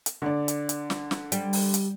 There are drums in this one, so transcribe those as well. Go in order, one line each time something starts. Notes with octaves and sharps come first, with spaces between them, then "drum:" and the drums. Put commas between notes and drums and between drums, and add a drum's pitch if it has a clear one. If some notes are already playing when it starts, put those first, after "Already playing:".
drum: hi-hat
D3 D5
drum: hi-hat
drum: hi-hat
drum: snare
drum: snare
G3, drum: hi-hat
drum: open hi-hat
drum: hi-hat